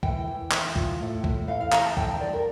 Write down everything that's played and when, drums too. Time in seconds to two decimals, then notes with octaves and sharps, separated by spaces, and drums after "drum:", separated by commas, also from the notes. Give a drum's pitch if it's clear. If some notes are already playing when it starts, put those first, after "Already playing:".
0.03 E3 G5, drum: kick C2
0.28 E3
0.51 E3, drum: clap
0.76 F4, drum: kick C2
1.00 A2
1.24 A2, drum: kick C2
1.48 E3 F5
1.61 F5
1.72 E3 A#5, drum: clap
1.84 A5
1.97 G2 G5, drum: kick C2
2.08 G5
2.16 C5
2.21 G2 D5
2.33 A#4